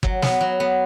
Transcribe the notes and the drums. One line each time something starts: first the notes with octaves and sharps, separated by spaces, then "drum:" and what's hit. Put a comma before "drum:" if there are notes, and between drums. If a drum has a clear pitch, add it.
F#3, drum: kick
B3, drum: snare
F#3
B3